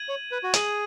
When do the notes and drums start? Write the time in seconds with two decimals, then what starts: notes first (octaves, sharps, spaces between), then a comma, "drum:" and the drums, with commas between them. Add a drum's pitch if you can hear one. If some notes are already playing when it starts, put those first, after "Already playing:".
Already playing: G#6 D#7 F#7
0.08 C#5
0.31 B4
0.43 F#4
0.54 G#4 G#6 D#7 F#7, drum: hi-hat